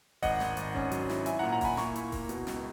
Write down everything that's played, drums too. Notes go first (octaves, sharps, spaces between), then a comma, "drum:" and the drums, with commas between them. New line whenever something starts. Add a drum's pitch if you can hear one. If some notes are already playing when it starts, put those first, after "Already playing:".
G#1 D#5 F#5, drum: kick F1, open hi-hat
G#1, drum: snare
G#1, drum: hi-hat
C#4, drum: kick F1
F#3, drum: hi-hat
E4, drum: snare
E4 E5 G#5, drum: hi-hat
A#2 F#5 A#5
F#5 A#5
E4 G#5 B5, drum: kick F1, open hi-hat
A#3 A#5 C#6, drum: snare
E4, drum: hi-hat
A#3, drum: kick F1, open hi-hat
B2, drum: hi-hat
C#2, drum: snare